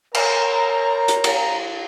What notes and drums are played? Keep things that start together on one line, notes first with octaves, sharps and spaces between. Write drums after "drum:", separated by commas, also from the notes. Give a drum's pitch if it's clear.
A#4 C#5 A#5, drum: cymbal
drum: hi-hat
drum: cymbal